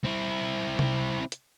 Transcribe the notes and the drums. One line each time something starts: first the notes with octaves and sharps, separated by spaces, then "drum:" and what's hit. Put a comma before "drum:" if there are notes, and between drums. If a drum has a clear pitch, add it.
C4 E4
drum: tom C3
drum: hi-hat